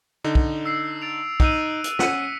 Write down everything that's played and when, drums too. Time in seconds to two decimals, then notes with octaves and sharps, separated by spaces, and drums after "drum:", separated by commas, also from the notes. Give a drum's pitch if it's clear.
0.24 D3 D#4
0.35 drum: kick
0.66 E6 C7
1.01 A6 D7 F7
1.40 D#4 E6 F#6 D#7, drum: kick
1.84 drum: hi-hat
1.99 C#4 F#5 B6 C#7 D#7, drum: snare